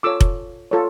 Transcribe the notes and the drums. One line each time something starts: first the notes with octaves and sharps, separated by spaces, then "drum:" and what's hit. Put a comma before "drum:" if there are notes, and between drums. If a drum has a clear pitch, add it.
F4 A4 C#5 D6 E6
drum: kick F1
F4 A4 C#5